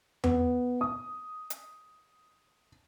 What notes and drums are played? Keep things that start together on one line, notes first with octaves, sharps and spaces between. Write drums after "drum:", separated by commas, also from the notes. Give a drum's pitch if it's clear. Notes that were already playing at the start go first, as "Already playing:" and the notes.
B3, drum: tom E2
D#6
drum: hi-hat